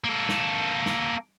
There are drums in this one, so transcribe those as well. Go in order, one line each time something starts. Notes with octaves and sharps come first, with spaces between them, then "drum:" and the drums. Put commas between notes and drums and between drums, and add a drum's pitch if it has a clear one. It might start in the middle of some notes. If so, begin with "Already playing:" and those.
A#3 A4
drum: snare
drum: snare